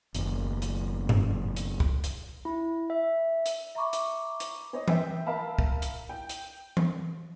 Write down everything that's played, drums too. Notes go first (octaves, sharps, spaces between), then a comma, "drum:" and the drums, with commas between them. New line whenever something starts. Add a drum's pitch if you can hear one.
F#1 D#2, drum: hi-hat
drum: hi-hat
drum: tom G2
drum: hi-hat
drum: kick
drum: hi-hat
E4
E5
drum: hi-hat
E5 A#5 B5 C#6 D6
drum: hi-hat
drum: hi-hat
C5 C#5 D#5
B4 E5 G5 E6, drum: tom E3
A#4 E5 F5 A5 B5
drum: kick
drum: hi-hat
G5
drum: hi-hat
drum: tom E3